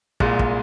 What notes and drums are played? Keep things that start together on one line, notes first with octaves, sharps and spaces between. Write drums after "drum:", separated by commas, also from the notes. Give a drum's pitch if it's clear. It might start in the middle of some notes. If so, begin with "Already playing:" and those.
C2 A#2 G#3, drum: kick
drum: kick